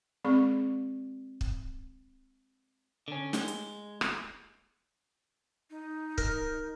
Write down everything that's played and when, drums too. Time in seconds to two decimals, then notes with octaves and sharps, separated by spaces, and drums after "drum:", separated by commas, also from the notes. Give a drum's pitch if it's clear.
0.25 G#3 C4 G#4 D5 C#6
1.41 drum: kick
3.08 D3 C#4
3.33 G#3, drum: snare
3.48 drum: hi-hat
4.01 drum: rim click
5.70 D#4
6.18 A#4, drum: kick